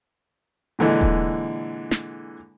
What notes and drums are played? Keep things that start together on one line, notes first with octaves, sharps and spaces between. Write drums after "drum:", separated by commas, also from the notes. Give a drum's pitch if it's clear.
A#2 D3 E3 G#3
drum: kick D#1
drum: snare